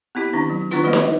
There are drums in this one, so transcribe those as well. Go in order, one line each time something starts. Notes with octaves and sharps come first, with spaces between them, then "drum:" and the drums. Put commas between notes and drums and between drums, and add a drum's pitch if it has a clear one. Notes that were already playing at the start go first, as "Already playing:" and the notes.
B3 C4 E4 G4
D#3 C#4 D4 E4
F#3
D#3 B3 D4 E4 F4 B4, drum: hi-hat
E3 G3 A#3 B4 D#5 F#5
drum: snare D#4